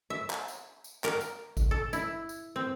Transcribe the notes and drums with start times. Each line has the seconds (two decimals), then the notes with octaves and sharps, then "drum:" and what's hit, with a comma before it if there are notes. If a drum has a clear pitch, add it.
0.10 E5
0.30 drum: clap
0.48 drum: tambourine
0.84 drum: tambourine
1.04 A#4, drum: clap
1.21 drum: tambourine
1.57 drum: kick G#1, tambourine
1.71 A4
1.93 E4, drum: tambourine
2.29 drum: tambourine
2.56 C4